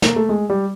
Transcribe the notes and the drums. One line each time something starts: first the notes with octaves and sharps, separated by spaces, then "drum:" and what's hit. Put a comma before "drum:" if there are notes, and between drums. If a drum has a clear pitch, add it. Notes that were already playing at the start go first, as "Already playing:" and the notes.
A#3, drum: snare
A3
G#3
G3